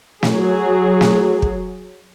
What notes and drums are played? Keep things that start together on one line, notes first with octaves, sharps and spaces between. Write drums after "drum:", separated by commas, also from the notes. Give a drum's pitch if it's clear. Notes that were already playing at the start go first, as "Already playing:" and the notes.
F#3 G#4, drum: snare
drum: snare
drum: kick